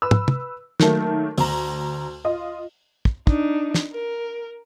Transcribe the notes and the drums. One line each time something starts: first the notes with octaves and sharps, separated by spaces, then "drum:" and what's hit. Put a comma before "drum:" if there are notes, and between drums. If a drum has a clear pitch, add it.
B4 E6
drum: tom
drum: tom
D#3 F#3 A3 A#3, drum: snare
D2 A#5, drum: open hi-hat
F4 D#5
drum: kick
D4 D#4, drum: kick
drum: snare
A#4